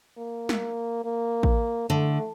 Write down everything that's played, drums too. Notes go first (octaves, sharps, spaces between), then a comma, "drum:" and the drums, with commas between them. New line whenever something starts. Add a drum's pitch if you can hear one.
A#3
drum: snare
A#3
drum: kick A1
D3 A3